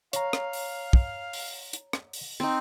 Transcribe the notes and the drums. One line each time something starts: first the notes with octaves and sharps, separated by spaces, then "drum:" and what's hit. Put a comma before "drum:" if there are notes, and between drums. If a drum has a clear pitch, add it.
C#5 F5 A#5, drum: hi-hat
drum: rim click
drum: open hi-hat
drum: kick
drum: open hi-hat
drum: hi-hat
drum: rim click
drum: open hi-hat
C4 D#4